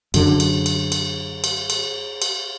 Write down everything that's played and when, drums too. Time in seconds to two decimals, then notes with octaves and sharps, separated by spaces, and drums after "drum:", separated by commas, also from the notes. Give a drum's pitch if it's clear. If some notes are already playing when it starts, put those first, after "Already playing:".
0.14 F#2 D3, drum: cymbal
0.40 drum: cymbal
0.66 drum: cymbal
0.92 drum: cymbal
1.44 drum: cymbal
1.70 drum: cymbal
2.22 drum: cymbal